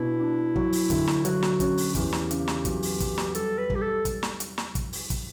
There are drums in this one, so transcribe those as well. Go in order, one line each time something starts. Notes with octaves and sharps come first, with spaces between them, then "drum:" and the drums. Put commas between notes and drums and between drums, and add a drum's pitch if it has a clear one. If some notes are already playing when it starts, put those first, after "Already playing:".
Already playing: B2 D4 E4
D4
F#3, drum: kick
drum: open hi-hat
D2, drum: kick, hi-hat
drum: snare
F#3 F#4, drum: hi-hat
drum: snare
C#4 F#4, drum: kick, hi-hat
drum: open hi-hat
E2 G4, drum: kick, hi-hat
drum: snare
C#3, drum: hi-hat
drum: snare
F#3, drum: kick, hi-hat
drum: open hi-hat
F#3, drum: kick, hi-hat
drum: snare
G3 A4, drum: hi-hat
B4
G3 G4, drum: kick
A4
drum: kick, hi-hat
drum: snare
drum: hi-hat
drum: snare
drum: kick, hi-hat
drum: open hi-hat
drum: kick, hi-hat